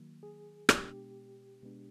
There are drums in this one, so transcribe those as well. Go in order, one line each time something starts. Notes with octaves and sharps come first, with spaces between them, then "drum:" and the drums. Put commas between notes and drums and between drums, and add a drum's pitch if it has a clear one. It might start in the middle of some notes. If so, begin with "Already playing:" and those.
Already playing: D#3 F#3 A#3
G#4
B2 G#3 B3 D4 G4, drum: rim click
B2 G#3 B3 D4